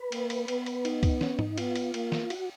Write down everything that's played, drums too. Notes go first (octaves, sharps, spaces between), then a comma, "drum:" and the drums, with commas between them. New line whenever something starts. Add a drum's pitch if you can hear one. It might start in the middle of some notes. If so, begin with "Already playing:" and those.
Already playing: B4
A#3, drum: cymbal
drum: cymbal
B3, drum: cymbal
drum: cymbal
D#4, drum: cymbal
drum: kick C#2, cymbal
C#4, drum: snare
D#4, drum: tom G#2
B3 F4, drum: cymbal
drum: cymbal
A#3, drum: cymbal
drum: snare
F#4, drum: cymbal